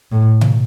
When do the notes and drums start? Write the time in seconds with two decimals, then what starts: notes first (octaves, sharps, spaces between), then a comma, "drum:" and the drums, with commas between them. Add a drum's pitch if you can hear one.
0.12 A2
0.41 drum: tom B2